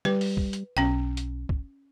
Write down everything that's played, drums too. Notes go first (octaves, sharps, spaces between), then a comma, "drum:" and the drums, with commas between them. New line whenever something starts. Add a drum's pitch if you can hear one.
G3 B4, drum: snare
drum: open hi-hat
drum: kick
drum: hi-hat
B1 C#4 G5
drum: hi-hat
drum: kick